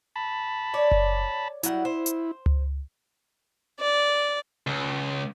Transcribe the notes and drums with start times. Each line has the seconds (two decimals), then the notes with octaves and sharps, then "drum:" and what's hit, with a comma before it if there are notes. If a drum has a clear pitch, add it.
0.16 A5 B5
0.74 C#5 D5
0.91 drum: kick F#1
1.63 F#3 G3 E4 F#5, drum: hi-hat
1.85 C5
2.06 drum: hi-hat
2.46 drum: tom C#2
3.80 D5
4.67 C#2